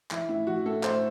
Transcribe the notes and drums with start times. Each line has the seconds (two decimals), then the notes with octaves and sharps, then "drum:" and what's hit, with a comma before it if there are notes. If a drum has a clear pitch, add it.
0.11 E3 E4, drum: clap
0.29 A2 E4
0.47 E3 F#4
0.66 A2 A4
0.83 A2 C5, drum: clap